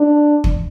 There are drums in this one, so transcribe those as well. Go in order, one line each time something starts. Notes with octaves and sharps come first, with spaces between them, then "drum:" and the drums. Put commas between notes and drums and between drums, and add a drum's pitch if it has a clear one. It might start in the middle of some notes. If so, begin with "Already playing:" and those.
Already playing: D4
drum: kick